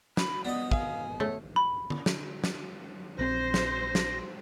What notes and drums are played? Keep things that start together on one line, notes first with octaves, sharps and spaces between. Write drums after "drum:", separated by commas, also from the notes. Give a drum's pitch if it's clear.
B5, drum: snare
B3 D5 D#5
F5 G#5, drum: kick
A3 C#5
B5
drum: tom D3
drum: snare
drum: snare
A#1 C4 C5 A#6
drum: snare
drum: snare